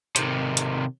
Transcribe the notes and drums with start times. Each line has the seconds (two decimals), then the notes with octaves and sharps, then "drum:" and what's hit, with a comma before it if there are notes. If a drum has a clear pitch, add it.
0.16 C3 D#3, drum: hi-hat
0.57 drum: hi-hat